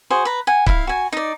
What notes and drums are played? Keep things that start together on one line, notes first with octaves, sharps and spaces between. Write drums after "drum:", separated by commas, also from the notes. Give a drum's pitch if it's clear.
F#4 G#4 C5
B4 A#5
F#5 G#5
E4 F5, drum: kick C#1
F#4 G#5
D#4 D5